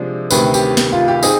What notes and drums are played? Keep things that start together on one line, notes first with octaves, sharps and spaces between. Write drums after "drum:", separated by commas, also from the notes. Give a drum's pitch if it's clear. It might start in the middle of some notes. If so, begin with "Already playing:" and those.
Already playing: C3 F3 G#3 D4
D2 C3 D#3 B4, drum: tambourine
G4, drum: tambourine
drum: snare
F4
G4
C4 D#4 G#4, drum: tambourine